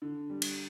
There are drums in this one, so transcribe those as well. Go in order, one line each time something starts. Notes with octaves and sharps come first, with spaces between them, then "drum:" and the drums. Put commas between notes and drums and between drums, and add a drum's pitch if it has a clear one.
D3
G3
drum: cymbal